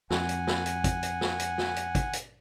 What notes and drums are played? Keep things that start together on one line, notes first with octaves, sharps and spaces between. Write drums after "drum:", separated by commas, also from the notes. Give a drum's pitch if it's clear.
F2 F#5 G#5, drum: snare
drum: hi-hat
drum: snare
drum: hi-hat
drum: kick, hi-hat
drum: hi-hat
drum: snare
drum: hi-hat
drum: snare
drum: hi-hat
drum: kick, hi-hat
drum: hi-hat